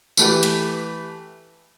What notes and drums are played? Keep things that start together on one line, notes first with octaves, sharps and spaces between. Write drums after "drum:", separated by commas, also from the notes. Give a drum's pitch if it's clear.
E3 A3 G4 B4, drum: tambourine
drum: hi-hat